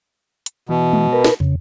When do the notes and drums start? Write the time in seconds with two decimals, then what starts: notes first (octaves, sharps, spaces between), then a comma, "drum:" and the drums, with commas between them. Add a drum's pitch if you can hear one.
0.46 drum: hi-hat
0.69 B2 E3
0.93 drum: tom G#3
1.13 A#4 B4
1.24 drum: snare
1.40 C#3, drum: tom